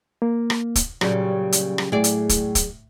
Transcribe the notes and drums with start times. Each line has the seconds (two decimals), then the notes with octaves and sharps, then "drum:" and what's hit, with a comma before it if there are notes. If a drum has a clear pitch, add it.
0.22 A#3
0.50 drum: rim click
0.76 drum: kick, hi-hat
1.01 A#2 C#3 F#3 G3, drum: rim click
1.52 drum: hi-hat
1.78 drum: rim click
1.92 A2 G#4 D5
2.04 drum: hi-hat
2.29 drum: kick, hi-hat
2.55 drum: kick, hi-hat